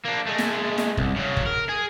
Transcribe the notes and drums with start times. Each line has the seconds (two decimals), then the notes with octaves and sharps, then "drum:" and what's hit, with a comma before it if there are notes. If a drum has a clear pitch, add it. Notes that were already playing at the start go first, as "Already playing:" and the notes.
0.05 A#3 D4
0.26 G#3 A3
0.38 drum: snare
0.78 drum: snare
0.97 C2, drum: kick
1.16 C#3 F#3
1.37 drum: kick
1.46 A#4
1.69 G#4